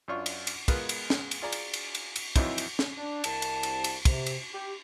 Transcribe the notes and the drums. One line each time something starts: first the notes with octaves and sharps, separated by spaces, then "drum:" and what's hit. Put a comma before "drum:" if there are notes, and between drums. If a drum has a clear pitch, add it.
F#2 D4 F4 C#6
drum: cymbal
drum: cymbal
G#3 B3 F4 G#4 A#4 B4, drum: kick, cymbal
drum: cymbal
drum: snare
drum: cymbal
F4 G#4 D5 A#5
drum: cymbal
drum: cymbal
drum: cymbal
drum: cymbal
F2 E3 F#3 C4 D#4 E4, drum: kick, cymbal
drum: cymbal
drum: snare
D4
C2 A5, drum: cymbal
drum: cymbal
drum: cymbal
drum: cymbal
C3, drum: kick, cymbal
drum: cymbal
G4